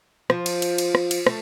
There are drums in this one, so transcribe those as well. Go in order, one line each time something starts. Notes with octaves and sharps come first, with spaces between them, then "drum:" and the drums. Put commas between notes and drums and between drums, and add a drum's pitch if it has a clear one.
F3, drum: rim click
drum: cymbal
drum: cymbal
drum: cymbal
drum: rim click
drum: cymbal
A3, drum: rim click